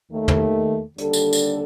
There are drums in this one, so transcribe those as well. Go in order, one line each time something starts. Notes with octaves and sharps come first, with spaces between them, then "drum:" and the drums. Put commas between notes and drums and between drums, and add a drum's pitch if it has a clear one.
D#2 D#3 A3
drum: tom
D#2 D3 G3 D4 A4, drum: hi-hat
drum: tambourine
drum: tambourine